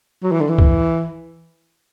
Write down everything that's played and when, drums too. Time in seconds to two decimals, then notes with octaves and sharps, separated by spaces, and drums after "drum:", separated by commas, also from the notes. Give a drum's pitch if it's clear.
0.23 F#3
0.32 E3
0.41 D3
0.49 E3
0.59 drum: kick